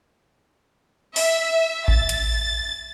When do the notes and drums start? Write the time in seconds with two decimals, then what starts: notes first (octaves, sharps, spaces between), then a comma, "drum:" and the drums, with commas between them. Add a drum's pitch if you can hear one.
1.16 E5, drum: open hi-hat
1.88 A6, drum: kick A1
2.09 drum: hi-hat